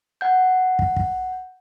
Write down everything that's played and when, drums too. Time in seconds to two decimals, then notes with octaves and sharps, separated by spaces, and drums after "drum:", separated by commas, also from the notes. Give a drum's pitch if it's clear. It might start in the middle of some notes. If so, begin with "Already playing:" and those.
0.21 F#5 G6
0.79 drum: kick
0.96 drum: kick